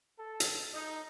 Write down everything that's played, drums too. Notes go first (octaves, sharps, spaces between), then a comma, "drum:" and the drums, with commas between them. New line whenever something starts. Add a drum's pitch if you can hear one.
A4
drum: hi-hat
D#4 D#5